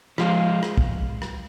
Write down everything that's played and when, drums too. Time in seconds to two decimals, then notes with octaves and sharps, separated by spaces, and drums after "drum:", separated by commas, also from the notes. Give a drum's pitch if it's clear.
0.18 F3 G#3 F4, drum: rim click
0.63 drum: rim click
0.77 drum: kick
1.22 drum: rim click